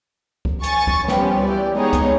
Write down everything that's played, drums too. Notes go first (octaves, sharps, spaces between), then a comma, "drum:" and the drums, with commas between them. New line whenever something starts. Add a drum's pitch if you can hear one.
drum: kick C#2
G#5 C#6 A6, drum: hi-hat
drum: kick C#2
F3 G3 B3 C#4 G4, drum: snare
E3 G4 D5
G#3 B3 D#4 G4 G#4 C#5
drum: kick C#2, hi-hat